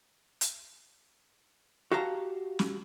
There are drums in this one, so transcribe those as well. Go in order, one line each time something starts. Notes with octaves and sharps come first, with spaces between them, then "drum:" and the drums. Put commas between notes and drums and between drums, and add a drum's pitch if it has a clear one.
drum: hi-hat
F#4 G4 F5 A5 A#5
drum: snare